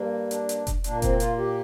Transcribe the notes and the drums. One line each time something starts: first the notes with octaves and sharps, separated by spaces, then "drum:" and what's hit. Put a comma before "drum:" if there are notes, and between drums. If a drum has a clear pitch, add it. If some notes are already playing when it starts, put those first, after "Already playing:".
Already playing: G2 G3 A#3
D4, drum: hi-hat
drum: hi-hat
drum: kick F1, hi-hat
A#2 A#3 D4, drum: hi-hat
C4, drum: kick F1, hi-hat
F4, drum: hi-hat
G4